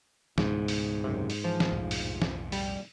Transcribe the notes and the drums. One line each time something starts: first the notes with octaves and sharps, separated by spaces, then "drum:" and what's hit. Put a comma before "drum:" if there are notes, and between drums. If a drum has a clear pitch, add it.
C#2 G#2 B2, drum: snare
drum: open hi-hat
F#2 C3
drum: open hi-hat
E3 F3
drum: snare
B1 F2 A2
drum: open hi-hat
drum: snare
G3, drum: open hi-hat